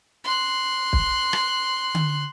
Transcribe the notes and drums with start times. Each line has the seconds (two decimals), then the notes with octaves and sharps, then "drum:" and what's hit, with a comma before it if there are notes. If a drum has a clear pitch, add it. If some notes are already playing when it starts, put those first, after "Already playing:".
0.24 C6 F#6
0.93 drum: kick
1.33 drum: rim click
1.95 drum: tom D3